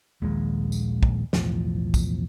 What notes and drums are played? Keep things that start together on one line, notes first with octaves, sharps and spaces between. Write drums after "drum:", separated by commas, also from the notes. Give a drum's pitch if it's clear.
D#1 A#1 D#2 G#3
drum: tambourine
drum: kick
B1 E2 A2 F3, drum: snare
drum: kick, tambourine